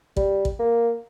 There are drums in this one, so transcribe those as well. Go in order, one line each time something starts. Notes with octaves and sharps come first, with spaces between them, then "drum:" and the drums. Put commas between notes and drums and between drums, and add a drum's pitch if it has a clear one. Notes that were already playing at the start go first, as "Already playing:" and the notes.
G3, drum: kick
drum: kick
A#3